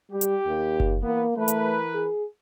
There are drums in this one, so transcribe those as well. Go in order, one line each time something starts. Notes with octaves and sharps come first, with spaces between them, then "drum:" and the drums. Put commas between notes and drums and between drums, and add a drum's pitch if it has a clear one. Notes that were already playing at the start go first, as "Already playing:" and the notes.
G3 G4
drum: hi-hat
D#2
drum: kick F#1
E3 A#3 B3
E3 A3 A#4 B4
drum: hi-hat
G#4